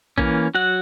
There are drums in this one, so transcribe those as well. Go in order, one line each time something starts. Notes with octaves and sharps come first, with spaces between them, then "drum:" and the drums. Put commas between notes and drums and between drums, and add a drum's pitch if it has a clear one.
E3 A#3 C#4, drum: kick A#1
F#3 F#4 F#5